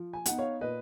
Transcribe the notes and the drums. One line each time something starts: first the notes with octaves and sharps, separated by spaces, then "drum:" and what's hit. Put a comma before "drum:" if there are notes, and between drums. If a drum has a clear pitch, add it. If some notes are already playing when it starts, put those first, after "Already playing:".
Already playing: F3
G#5
B3 D#4 F#5, drum: hi-hat
C#5 F5
A#2 B4 D#5